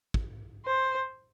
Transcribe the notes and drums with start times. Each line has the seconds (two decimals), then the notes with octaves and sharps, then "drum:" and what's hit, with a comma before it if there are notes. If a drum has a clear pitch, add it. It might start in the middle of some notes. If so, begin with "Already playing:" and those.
0.14 drum: kick
0.66 C5